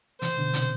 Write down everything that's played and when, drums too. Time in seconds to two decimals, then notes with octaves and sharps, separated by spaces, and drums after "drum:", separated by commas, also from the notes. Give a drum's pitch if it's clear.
0.22 C3 E3 C5, drum: hi-hat
0.38 B2 D3
0.54 C3, drum: hi-hat